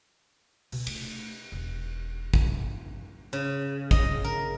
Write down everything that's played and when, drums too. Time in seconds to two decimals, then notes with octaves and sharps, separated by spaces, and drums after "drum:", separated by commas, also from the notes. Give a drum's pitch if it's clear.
0.72 B2, drum: open hi-hat
0.87 A3, drum: cymbal
1.52 E1
2.34 E2, drum: kick
3.33 C#3
3.91 D#5, drum: kick
4.24 A#4